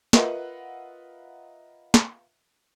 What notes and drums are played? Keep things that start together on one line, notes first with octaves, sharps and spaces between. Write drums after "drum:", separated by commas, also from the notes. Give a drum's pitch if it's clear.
F4 A#4 B4 D#5 E5 F#5, drum: snare
drum: snare